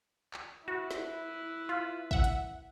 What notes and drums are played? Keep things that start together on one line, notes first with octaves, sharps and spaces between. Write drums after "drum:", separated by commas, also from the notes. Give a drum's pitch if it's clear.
drum: clap
E4 F#4 B4
drum: snare
F4
E5 F#5, drum: kick
drum: hi-hat